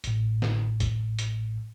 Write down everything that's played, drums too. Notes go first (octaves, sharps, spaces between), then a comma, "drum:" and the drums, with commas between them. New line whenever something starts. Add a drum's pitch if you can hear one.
A1 A2, drum: hi-hat
drum: snare
drum: kick, hi-hat
drum: hi-hat